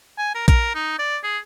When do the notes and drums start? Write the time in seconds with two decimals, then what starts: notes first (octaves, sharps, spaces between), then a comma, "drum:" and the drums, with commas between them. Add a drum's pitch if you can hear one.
0.18 G#5
0.35 A#4
0.48 A#4, drum: kick, hi-hat
0.75 D#4
0.99 D5
1.24 G#4